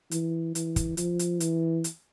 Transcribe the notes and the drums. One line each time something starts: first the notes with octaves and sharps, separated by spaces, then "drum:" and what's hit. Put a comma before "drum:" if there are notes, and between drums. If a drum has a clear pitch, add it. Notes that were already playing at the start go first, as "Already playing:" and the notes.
E3, drum: hi-hat
E3, drum: hi-hat
drum: kick, hi-hat
F3, drum: hi-hat
drum: hi-hat
E3, drum: hi-hat
drum: hi-hat